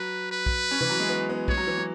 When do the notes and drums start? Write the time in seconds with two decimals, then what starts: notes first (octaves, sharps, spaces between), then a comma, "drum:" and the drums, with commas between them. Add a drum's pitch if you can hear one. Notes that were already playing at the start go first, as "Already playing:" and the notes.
Already playing: F#3 B4
0.31 B4
0.46 drum: kick
0.71 C#4
0.81 E3, drum: tom C3
0.90 F#3
1.00 G#3
1.09 B3
1.29 B3
1.48 G#3 C#5, drum: kick
1.57 F#3
1.67 E3
1.77 F#3